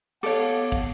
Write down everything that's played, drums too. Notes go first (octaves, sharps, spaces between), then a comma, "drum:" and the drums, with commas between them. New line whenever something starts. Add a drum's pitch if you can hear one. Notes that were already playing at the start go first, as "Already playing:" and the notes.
B3 A4 C#5 F5 D6, drum: cymbal
drum: kick